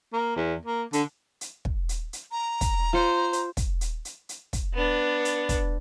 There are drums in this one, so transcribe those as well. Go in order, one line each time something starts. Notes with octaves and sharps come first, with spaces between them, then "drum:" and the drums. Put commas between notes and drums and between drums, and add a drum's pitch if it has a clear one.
A#3
E2
A#3
D3, drum: hi-hat
drum: hi-hat
drum: kick
drum: hi-hat
drum: hi-hat
A#5
drum: kick, hi-hat
F4 C5 C#7 D#7
drum: hi-hat
drum: kick, hi-hat
drum: hi-hat
drum: hi-hat
drum: hi-hat
drum: kick, hi-hat
B3 D4
drum: hi-hat
drum: kick, hi-hat